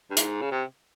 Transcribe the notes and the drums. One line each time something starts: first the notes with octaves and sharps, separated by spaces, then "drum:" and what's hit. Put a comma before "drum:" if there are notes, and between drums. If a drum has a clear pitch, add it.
G2
G#2, drum: hi-hat
C#3
C3